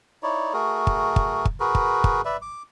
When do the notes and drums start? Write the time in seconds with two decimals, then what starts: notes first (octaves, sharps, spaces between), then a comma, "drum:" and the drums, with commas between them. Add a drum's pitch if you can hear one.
0.23 D#4 E4 C#5 D5
0.53 A3 F#4 G#4 A#4
0.87 drum: kick
1.16 drum: kick
1.45 drum: kick
1.60 F#4 G#4 A#4 B4
1.75 drum: kick
2.04 drum: kick
2.25 B4 D5 E5
2.42 D6